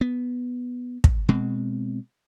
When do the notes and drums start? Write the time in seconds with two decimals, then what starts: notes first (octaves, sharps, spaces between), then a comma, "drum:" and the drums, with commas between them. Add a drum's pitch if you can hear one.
0.01 B3
1.04 drum: kick
1.29 B2 G#3 C4